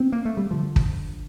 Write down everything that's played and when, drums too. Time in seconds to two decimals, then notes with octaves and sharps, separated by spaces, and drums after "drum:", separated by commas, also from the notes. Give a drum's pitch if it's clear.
0.00 C4
0.12 A#3
0.25 A3
0.37 G3
0.51 D3 F3
0.76 drum: kick